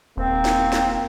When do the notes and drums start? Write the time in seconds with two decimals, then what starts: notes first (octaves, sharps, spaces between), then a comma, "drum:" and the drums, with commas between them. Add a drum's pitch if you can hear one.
0.17 D#1 A#3 C4
0.45 drum: snare
0.72 drum: snare